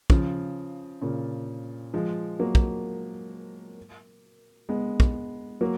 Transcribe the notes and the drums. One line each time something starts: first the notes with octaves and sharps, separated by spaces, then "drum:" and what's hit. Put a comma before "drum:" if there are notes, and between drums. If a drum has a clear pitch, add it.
C#3 F3, drum: kick
A#2 C#3
F3 G#3
F#3 A#3
drum: kick
G#3 B3
drum: kick
F#3 A#3